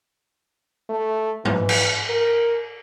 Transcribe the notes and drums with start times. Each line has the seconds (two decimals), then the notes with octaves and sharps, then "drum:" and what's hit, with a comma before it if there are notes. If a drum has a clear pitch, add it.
0.89 A3
1.45 E3, drum: tom
1.69 drum: cymbal
2.10 A#4